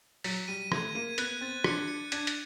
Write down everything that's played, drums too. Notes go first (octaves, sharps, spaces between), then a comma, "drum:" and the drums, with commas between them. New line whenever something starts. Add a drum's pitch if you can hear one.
F#3 B6, drum: open hi-hat
G3 D#7
A3 G#6, drum: rim click
A#3 D#7
B3 F#6, drum: hi-hat
C4 A6
D4 C#7, drum: rim click
C#7
D4 G#6, drum: hi-hat
drum: hi-hat